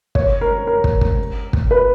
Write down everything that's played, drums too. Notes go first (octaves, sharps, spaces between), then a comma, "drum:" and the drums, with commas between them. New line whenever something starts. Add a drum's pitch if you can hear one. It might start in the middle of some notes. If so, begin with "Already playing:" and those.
C#5, drum: kick
A#4
A#4
drum: kick
drum: kick
drum: kick
B4